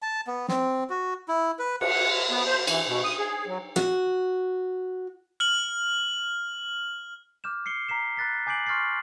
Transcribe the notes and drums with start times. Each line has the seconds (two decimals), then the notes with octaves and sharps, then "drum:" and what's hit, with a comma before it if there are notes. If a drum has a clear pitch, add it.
0.02 A5
0.27 B3
0.48 C4, drum: snare
0.90 F#4
1.28 E4
1.59 B4
1.81 F#5, drum: cymbal
2.31 B3
2.46 C5
2.67 E3, drum: cymbal
2.87 B2
3.04 D#6
3.19 G#4
3.47 F#3
3.76 F#4, drum: snare
5.40 F6 F#7
7.44 D6 F6 G6 E7
7.66 C7 C#7 G7
7.89 A#5 B6 C7 E7
8.17 B5 F#6 A6 B6
8.47 G#5 D6 G6 C7 D7 F#7
8.67 C6 C#6 F6 G6 A6 C7